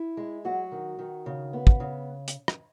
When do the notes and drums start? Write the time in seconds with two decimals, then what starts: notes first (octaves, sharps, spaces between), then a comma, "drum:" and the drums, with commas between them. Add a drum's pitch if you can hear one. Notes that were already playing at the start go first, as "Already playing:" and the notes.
Already playing: E4
0.17 G#3
0.45 F#3 F#4
0.72 D#3
0.99 D#3
1.26 C#3
1.53 B3
1.67 drum: kick
1.80 C#3
2.28 drum: hi-hat
2.48 drum: rim click